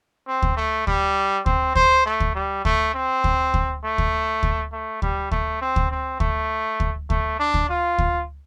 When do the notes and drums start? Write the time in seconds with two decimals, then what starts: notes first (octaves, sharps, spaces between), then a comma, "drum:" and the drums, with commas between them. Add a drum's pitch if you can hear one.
0.28 C4
0.42 drum: kick D2
0.57 A3
0.87 G3, drum: kick D2
1.46 C4, drum: kick D2
1.76 C5, drum: kick D2
2.06 A3
2.20 drum: kick D2
2.35 G3
2.65 A3, drum: kick D2
2.94 C4
3.24 drum: kick D2
3.54 drum: kick D2
3.84 A3
3.98 drum: kick D2
4.43 drum: kick D2
4.73 A3
5.02 G3, drum: kick D2
5.31 A3, drum: kick D2
5.62 C4
5.76 drum: kick D2
5.91 C4
6.20 A3, drum: kick D2
6.80 drum: kick D2
7.10 A3, drum: kick D2
7.39 D4
7.54 drum: kick D2
7.69 F4
7.98 drum: kick D2